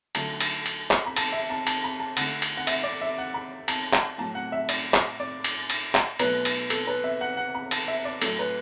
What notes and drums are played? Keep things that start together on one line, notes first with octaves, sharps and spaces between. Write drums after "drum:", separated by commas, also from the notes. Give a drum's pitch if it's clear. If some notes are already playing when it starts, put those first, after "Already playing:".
D3 F#3 A3 A5, drum: cymbal
drum: cymbal
drum: cymbal
drum: clap
B5
A5, drum: cymbal
E5
A5
A5, drum: cymbal
B5
A5
D3 A3 F#5, drum: cymbal
drum: cymbal
F#5
E5, drum: cymbal
D5
E5
F#5
B5
A5, drum: cymbal
drum: clap
A2 F#3 A3 A5
F#5
E5
D5, drum: cymbal
drum: clap
D5
drum: cymbal
drum: cymbal
drum: clap
B2 F#3 A3 B4, drum: cymbal
drum: cymbal
A4, drum: cymbal
B4
E5
F#5
F#5
B5
A5, drum: cymbal
E5
D5
A2 F#3 A3 A4, drum: cymbal
B4